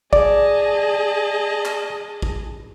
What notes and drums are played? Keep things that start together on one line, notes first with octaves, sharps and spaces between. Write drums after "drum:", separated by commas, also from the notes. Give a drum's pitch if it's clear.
G#4 D5 D#5 A5, drum: kick A1
drum: clap
drum: kick A1